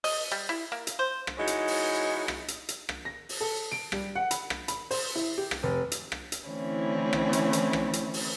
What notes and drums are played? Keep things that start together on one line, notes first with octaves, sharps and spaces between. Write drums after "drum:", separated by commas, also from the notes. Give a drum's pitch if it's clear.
D#5, drum: open hi-hat
G3
E4
A#3
drum: hi-hat
C5
drum: rim click
E3 G#3 C#4 D#4 F#4
drum: hi-hat
drum: open hi-hat
drum: rim click
drum: hi-hat
drum: hi-hat
drum: rim click
A#6
drum: open hi-hat
A4
D7
G3, drum: rim click
F#5
B5, drum: hi-hat
drum: rim click
B5, drum: hi-hat
C5, drum: open hi-hat
E4
G4
drum: rim click
F1
drum: hi-hat
drum: rim click
drum: hi-hat
D3 E3 A3 C4 C#4 E4
drum: rim click
drum: hi-hat
drum: hi-hat
drum: rim click
drum: hi-hat
drum: open hi-hat